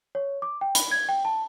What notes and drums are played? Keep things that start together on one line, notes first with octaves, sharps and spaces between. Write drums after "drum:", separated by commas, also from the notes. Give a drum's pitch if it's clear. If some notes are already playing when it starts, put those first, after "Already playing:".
C#5
D6
G5
B5, drum: hi-hat
G#6
G5
A5